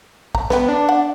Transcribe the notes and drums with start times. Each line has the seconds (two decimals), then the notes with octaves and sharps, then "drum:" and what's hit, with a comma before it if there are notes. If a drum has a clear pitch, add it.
0.35 A#5, drum: kick
0.50 D3 B3 G5, drum: snare
0.68 D4
0.89 F#5